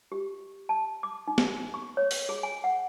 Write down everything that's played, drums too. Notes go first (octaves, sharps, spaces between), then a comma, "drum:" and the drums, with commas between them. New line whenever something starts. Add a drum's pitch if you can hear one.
G4
A5
D6
D#4
drum: snare
C#6
C#5
drum: open hi-hat
G#4
G#5
F#5